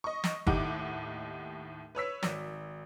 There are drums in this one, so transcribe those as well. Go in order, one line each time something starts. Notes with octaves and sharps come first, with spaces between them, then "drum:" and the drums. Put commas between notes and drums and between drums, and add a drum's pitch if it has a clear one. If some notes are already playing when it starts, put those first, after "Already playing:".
D#5 C#6
drum: snare
D#2 A2 D#4 G4 F#5 D6, drum: kick
B4 C#5 E6 B6
G#1, drum: snare